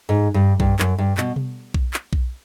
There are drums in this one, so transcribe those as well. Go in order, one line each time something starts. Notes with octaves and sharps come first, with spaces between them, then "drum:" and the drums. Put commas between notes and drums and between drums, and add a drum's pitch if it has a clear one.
G#2
G2
G2, drum: kick B1
F#2, drum: clap
G2
B2, drum: clap
drum: tom B2
drum: kick B1
drum: clap
drum: kick B1